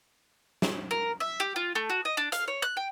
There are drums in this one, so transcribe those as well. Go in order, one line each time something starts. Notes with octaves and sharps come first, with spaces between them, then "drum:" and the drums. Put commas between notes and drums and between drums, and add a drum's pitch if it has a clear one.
drum: snare
A#4
E5
G4
F4
A3
F#4
D#5
D4
F5, drum: hi-hat
C#5
F#6
G5